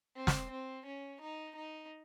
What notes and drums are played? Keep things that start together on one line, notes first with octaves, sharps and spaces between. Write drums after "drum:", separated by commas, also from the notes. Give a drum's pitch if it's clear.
C4
drum: snare
C4
C#4
D#4
D#4